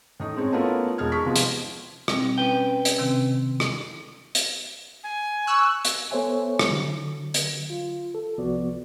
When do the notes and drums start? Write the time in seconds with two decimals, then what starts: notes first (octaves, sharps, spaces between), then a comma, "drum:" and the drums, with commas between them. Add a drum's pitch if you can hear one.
0.20 A2 D#4
0.36 G#3 C4 C#4 C#5
0.52 A3 B3 C#4 E4 F4 A#4
0.98 E1 G#3 D#4 A5 F6 G#6
1.12 G#3 C#6 B6
1.25 C3 F3 G#3 B3 C4
1.36 drum: hi-hat
2.08 B2 G3 C4, drum: rim click
2.38 C#4 B4 G5
2.85 drum: hi-hat
2.98 C3 D#3 C4
3.60 drum: rim click
4.35 drum: hi-hat
5.04 G#5
5.47 C#6 E6 F#6
5.85 drum: hi-hat
6.11 B3 A4 C5 C#5 E5 G#5
6.59 drum: rim click
6.69 D3 F#3
7.34 drum: hi-hat
7.70 F4
8.14 A4
8.38 C2 F3 B3 F#4 D5